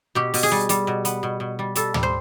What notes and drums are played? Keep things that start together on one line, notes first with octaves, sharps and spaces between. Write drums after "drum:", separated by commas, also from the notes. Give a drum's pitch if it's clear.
B2 G4
B2, drum: open hi-hat
G#4
G3
G3, drum: hi-hat
B2
B3, drum: hi-hat
B2
B2
G3
G3 A4, drum: hi-hat
G3, drum: tom
C5